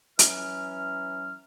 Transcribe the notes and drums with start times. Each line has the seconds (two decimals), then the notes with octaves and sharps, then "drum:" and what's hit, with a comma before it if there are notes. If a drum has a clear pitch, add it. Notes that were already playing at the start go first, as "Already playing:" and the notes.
0.19 E3 F#3 C#4 F6, drum: hi-hat